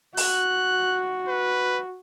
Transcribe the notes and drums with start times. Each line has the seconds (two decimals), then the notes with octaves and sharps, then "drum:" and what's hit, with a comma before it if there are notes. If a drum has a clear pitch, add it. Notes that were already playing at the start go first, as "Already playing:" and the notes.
0.17 F#4 F#6, drum: open hi-hat
1.28 B4